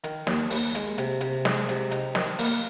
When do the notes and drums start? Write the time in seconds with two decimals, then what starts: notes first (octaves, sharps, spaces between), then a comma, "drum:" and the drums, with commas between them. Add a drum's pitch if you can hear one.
0.04 D#3, drum: hi-hat
0.27 D#2, drum: snare
0.50 D#2, drum: open hi-hat
0.75 G#3, drum: hi-hat
0.98 C3, drum: hi-hat
1.21 C3, drum: hi-hat
1.45 G#3, drum: snare
1.69 C3, drum: hi-hat
1.91 D#4, drum: hi-hat
2.15 D#3, drum: snare
2.39 A#3, drum: open hi-hat